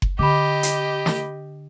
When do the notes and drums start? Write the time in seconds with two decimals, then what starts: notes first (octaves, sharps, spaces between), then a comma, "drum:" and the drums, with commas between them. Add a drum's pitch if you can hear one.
0.02 drum: kick F#1
0.19 D3 G4 D#5 B5 D6
0.63 drum: hi-hat
1.06 drum: snare